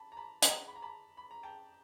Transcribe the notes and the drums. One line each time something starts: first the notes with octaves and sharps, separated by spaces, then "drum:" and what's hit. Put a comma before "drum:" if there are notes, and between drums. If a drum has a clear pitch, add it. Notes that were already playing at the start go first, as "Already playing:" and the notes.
Already playing: A5 B5
A#5
A5 B5
A#5 C6, drum: hi-hat
B5
A#5
A5 B5
B5
A#5
G5 A5